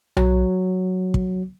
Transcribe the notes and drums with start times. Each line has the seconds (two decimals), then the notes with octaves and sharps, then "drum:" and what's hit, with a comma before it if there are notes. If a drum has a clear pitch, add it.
0.17 F#3, drum: tom B1
1.14 drum: kick